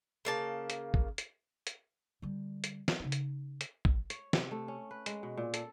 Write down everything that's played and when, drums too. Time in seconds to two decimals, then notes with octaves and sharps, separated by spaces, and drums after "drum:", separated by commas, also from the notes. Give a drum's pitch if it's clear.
0.25 C#3 A#3 A5
0.70 drum: hi-hat
0.94 drum: kick
1.18 drum: hi-hat
1.67 drum: hi-hat
2.22 D3 G3
2.64 drum: hi-hat
2.88 drum: snare
3.00 C#3 D#4
3.12 drum: hi-hat
3.61 drum: hi-hat
3.85 drum: kick
4.10 C#5, drum: hi-hat
4.33 C3, drum: snare
4.51 A3
4.68 C#4
4.91 B4
5.06 G#3, drum: hi-hat
5.23 B2
5.37 A#2
5.54 A4, drum: hi-hat